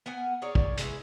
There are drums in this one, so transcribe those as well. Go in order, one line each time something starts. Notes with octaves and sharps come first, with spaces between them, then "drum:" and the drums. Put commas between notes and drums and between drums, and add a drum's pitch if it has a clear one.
B3 A#4 F#5 G#5
G#4 A#4 C#5 D5
drum: kick
G#3 E4, drum: hi-hat